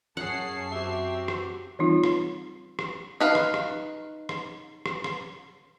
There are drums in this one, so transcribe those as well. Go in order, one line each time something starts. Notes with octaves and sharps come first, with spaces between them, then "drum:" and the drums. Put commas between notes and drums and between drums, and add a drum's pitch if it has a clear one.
F#2 C#4 G#4 F#5 A5 C7
C4 F#4 G4 E5
drum: rim click
E3 G3 C4 D#4 F4
drum: rim click
drum: rim click
D#4 B4 F5
drum: rim click
drum: rim click
drum: rim click
drum: rim click
drum: rim click